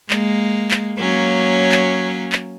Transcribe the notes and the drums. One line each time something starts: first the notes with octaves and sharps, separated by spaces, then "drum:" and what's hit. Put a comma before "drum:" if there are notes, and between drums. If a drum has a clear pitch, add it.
G#3 A#3, drum: clap
drum: clap
F#3 A#3 C#4
drum: clap
drum: clap